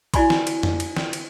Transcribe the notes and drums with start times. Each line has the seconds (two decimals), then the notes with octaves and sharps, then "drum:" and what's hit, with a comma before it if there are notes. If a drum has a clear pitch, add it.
0.14 E4 F#4 D5 G#5 B5 C6, drum: kick A#1, cymbal
0.30 drum: snare
0.47 drum: cymbal
0.63 drum: tom F2
0.80 drum: cymbal
0.96 drum: snare
1.13 drum: cymbal